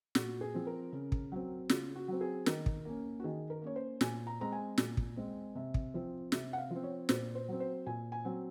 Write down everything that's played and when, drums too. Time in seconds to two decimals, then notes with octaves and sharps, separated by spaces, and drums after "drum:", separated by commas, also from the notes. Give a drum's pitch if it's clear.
0.15 A#2 F#4, drum: snare
0.41 G#4
0.54 F3 C4
0.67 A#4
0.93 C#3
1.12 drum: kick
1.32 F#3 C4
1.69 C#3 F4, drum: snare
1.96 F#4
2.08 F#3 C4
2.21 G#4
2.46 D#3 A#4, drum: snare
2.66 drum: kick
2.85 A#3 C#4
3.20 F#4
3.24 D#3 G#4
3.50 A#4
3.62 A#3 C#4 C#5
3.76 C5
4.01 A#2 G#5, drum: snare
4.27 A#5
4.40 G#3 C4 A#5
4.52 G#5
4.78 A#2, drum: snare
4.97 drum: kick
5.16 G#3 C4
5.55 C3
5.74 drum: kick
5.94 F3 C4
6.32 C3, drum: snare
6.53 F#5
6.58 F5
6.70 F3 C4
6.84 C#5
7.09 A#2 C5, drum: snare
7.35 C5
7.48 F#3 C4
7.60 C5
7.86 A#2 G#5
8.12 G#5
8.25 F#3 C4